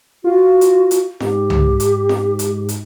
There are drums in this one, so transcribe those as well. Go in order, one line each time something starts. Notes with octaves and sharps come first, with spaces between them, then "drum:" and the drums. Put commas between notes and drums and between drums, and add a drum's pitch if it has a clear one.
F4 F#4
drum: hi-hat
drum: hi-hat
G#2 G4, drum: snare F4
drum: tom C2
drum: hi-hat
drum: snare F4
drum: hi-hat
drum: hi-hat